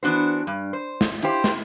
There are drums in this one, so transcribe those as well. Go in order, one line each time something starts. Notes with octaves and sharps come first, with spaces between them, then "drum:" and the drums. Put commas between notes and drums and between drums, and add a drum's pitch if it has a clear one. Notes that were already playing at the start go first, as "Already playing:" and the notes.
E3 B3 D4 F#4 C5
G2
C5
drum: snare
E4 F4 G4 C5, drum: hi-hat
drum: snare